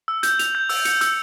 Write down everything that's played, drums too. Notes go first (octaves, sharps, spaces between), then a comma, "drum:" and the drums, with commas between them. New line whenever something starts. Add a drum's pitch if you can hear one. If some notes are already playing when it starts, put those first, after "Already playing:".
E6
G6, drum: hi-hat
F7, drum: hi-hat
G6
E6, drum: open hi-hat
C#7, drum: hi-hat
E6, drum: hi-hat